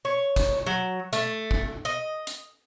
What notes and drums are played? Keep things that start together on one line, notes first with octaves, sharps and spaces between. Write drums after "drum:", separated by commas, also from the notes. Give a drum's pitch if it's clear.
C#5
drum: kick G#1, hi-hat
F#3
A3, drum: hi-hat
drum: kick G#1
D#5
drum: hi-hat